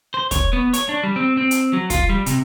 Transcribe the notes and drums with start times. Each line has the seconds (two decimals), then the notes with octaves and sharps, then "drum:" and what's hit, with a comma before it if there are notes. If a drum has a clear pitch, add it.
0.14 C5
0.31 C#5, drum: kick, hi-hat
0.53 B3
0.73 C#5, drum: hi-hat
0.89 D4
1.03 G3
1.16 C4
1.37 C4
1.51 drum: hi-hat
1.73 F#3
1.90 F4, drum: kick, hi-hat
2.10 G3
2.26 C3, drum: hi-hat